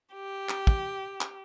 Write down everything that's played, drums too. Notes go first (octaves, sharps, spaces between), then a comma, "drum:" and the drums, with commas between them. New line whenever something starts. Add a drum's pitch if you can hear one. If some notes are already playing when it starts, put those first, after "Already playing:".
G4
drum: clap
drum: kick
drum: clap